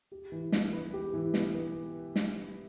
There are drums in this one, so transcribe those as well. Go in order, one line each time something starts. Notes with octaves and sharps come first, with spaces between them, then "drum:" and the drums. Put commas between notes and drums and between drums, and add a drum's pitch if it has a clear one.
G4
E3
B3, drum: snare
B4
G4
E3
B3, drum: snare
B4
drum: snare